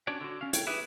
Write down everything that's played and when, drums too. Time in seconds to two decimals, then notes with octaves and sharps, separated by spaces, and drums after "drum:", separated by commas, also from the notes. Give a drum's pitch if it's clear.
0.07 C#4 D4 F#4 C#5 D5
0.21 D3 F#4
0.41 C#4 F5
0.53 C#5 G5, drum: hi-hat
0.67 E4 G4 G#4 B4 E5